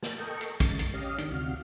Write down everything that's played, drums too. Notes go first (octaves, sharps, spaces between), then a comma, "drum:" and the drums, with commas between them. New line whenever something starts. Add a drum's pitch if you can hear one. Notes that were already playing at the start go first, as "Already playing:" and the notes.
A5, drum: snare
A4 A#4 D#5 G5 C#6
drum: hi-hat
G#2 C#3 A6, drum: kick, hi-hat
drum: hi-hat
C#4 G4 D#5 F5
D#3 D4, drum: hi-hat
D2 C3 F#4 F5